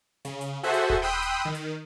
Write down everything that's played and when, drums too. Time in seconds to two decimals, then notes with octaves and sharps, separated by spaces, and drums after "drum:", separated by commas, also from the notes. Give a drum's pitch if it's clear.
0.25 C#3, drum: hi-hat
0.41 drum: hi-hat
0.63 F#4 G#4 A4 C5 E5 F#5
0.73 drum: hi-hat
0.90 drum: kick D#1
1.02 G5 B5 C6 D#6 E6 F#6
1.22 drum: hi-hat
1.45 D#3
1.55 drum: hi-hat